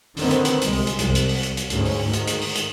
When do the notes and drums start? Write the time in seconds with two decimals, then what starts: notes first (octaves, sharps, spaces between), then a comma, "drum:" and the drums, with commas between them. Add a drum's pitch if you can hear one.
0.17 D3 D#3 B3 C4, drum: open hi-hat
0.31 drum: hi-hat
0.45 drum: hi-hat
0.62 C2 G#3, drum: hi-hat
0.73 drum: open hi-hat
0.87 drum: hi-hat
0.99 C2, drum: hi-hat
1.15 drum: hi-hat
1.29 drum: open hi-hat
1.43 drum: hi-hat
1.57 drum: hi-hat
1.70 D2 G#2 C#4, drum: hi-hat
1.85 drum: open hi-hat
2.04 G#2 D#3
2.13 drum: hi-hat
2.27 drum: hi-hat
2.42 drum: open hi-hat
2.56 drum: hi-hat